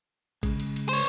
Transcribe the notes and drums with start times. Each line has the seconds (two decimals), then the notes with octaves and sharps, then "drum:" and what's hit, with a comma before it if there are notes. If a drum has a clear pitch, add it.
0.43 C#3 G#3, drum: kick A1, cymbal
0.60 drum: cymbal
0.76 drum: cymbal
0.89 C5 C#5